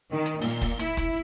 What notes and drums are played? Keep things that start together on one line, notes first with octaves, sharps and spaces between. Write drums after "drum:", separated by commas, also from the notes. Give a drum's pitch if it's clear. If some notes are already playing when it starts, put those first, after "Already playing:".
D#3
drum: hi-hat
A#2, drum: open hi-hat
drum: kick, open hi-hat
E4, drum: hi-hat
drum: kick, hi-hat